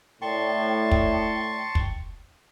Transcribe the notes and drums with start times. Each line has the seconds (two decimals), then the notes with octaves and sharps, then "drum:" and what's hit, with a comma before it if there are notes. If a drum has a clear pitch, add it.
0.22 A2 D5 G5 A5 C6 C#6
0.91 drum: kick
1.75 drum: kick